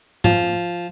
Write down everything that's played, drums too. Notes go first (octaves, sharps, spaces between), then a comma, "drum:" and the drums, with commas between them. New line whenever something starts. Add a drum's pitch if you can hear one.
F3, drum: tom G#2